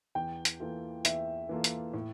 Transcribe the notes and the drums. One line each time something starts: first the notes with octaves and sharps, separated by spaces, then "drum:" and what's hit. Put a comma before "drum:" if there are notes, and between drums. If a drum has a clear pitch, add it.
E2 G5
drum: hi-hat
E3 A#3 F4 A4
E2 E5, drum: hi-hat
E3 A#3 F4 A4
drum: hi-hat
A2